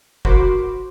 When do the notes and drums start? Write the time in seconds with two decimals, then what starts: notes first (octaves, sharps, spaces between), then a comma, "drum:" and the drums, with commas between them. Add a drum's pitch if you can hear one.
0.25 F#4 A#4 C5 B5 C6 D6, drum: kick